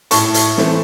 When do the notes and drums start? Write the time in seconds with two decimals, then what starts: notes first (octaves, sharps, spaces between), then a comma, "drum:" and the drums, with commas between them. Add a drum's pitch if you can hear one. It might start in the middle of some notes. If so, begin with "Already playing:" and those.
0.11 A2 A5 C#6, drum: hi-hat
0.34 drum: hi-hat
0.57 E3 A3 C4, drum: snare